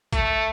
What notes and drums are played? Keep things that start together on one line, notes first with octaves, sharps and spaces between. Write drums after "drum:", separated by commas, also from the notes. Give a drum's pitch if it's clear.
A3, drum: kick A1, hi-hat